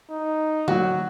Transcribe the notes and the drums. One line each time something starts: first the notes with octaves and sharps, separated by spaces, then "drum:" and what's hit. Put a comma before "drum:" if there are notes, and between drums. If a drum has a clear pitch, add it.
D#4
F#3 F#4, drum: tom D3